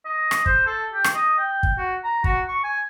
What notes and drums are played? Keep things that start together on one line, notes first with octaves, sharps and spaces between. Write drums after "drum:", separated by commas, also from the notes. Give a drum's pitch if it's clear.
D#5
drum: rim click
C5, drum: kick
A4
G4
drum: rim click
D#5
G5
drum: kick
F#4
A#5
F#4, drum: kick
C#6
G#5